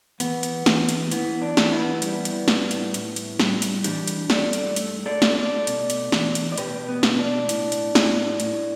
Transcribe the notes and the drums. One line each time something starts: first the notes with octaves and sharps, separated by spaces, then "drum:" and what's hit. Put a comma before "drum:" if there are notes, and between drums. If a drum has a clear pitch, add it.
E2 B3, drum: hi-hat
drum: hi-hat
E2, drum: snare
drum: hi-hat
E3 B3, drum: hi-hat
D4
E3, drum: snare
B3 E4
G3, drum: hi-hat
drum: hi-hat
A2, drum: snare
drum: hi-hat
A2, drum: hi-hat
drum: hi-hat
G3, drum: snare
drum: hi-hat
E3 D4 G4, drum: hi-hat
drum: hi-hat
G2 A4 D5, drum: snare
drum: hi-hat
A3, drum: hi-hat
A4 D5
A3, drum: snare
A4 D5
B2, drum: hi-hat
drum: hi-hat
E2, drum: snare
drum: hi-hat
D5
B2 G4 B4, drum: hi-hat
B3
B2, drum: snare
D4
A2, drum: hi-hat
drum: hi-hat
A2, drum: snare
A2, drum: hi-hat